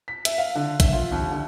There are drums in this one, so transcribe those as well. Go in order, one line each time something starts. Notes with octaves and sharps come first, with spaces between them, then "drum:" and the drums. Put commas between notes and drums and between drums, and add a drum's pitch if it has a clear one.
B6
E5, drum: hi-hat
F5
D3
E5, drum: kick A#1, hi-hat
F4
D#2
D3